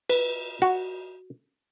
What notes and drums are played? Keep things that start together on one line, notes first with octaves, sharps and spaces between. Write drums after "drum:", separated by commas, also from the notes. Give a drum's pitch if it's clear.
B4, drum: cymbal
F#4